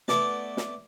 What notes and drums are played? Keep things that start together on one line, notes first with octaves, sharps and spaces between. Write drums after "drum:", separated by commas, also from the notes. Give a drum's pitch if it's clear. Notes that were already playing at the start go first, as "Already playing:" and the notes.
A3 B3 E4 D5 A5, drum: snare
drum: snare